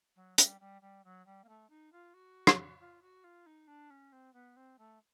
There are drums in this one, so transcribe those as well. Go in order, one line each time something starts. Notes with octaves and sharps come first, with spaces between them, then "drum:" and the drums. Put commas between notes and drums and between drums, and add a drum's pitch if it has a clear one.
F#3
G3, drum: hi-hat
G3
G3
F#3
G3
A#3
A3
D#4
F4
F#4
drum: rim click
F4
F#4
F4
D#4
D4
C#4
C4
B3
C4
A3